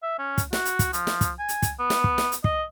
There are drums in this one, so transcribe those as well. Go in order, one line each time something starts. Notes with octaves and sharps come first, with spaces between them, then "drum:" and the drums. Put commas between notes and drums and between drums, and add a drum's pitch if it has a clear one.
E5
C#4
drum: kick, hi-hat
F#4, drum: snare
drum: hi-hat
drum: kick, hi-hat
F3, drum: hi-hat
drum: snare
drum: kick, hi-hat
G#5
drum: hi-hat
drum: kick, hi-hat
B3
drum: snare
drum: kick
drum: snare
drum: hi-hat
D#5, drum: kick